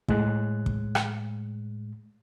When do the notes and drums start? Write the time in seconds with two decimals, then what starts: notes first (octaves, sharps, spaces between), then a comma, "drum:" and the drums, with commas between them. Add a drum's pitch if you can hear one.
0.08 A2 G#3 F#6, drum: kick
0.66 drum: kick
0.95 drum: rim click